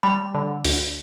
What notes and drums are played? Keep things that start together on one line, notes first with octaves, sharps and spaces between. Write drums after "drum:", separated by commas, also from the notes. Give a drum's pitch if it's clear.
G3 B5
D3
D2, drum: open hi-hat